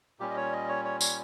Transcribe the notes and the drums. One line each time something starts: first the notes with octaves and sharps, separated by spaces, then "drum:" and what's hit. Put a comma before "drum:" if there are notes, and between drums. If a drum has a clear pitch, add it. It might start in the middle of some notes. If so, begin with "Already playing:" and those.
A#2 G3 C#4 G4
D#5
C#5
D#5
C#5
C#5
C#5, drum: tambourine